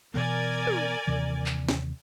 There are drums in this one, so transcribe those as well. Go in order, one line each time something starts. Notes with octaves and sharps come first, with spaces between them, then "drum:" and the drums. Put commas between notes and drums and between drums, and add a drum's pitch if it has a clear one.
B2 E3 B3 A#4 D5 G#5
drum: tom
D#2 C3 E3
drum: clap
drum: snare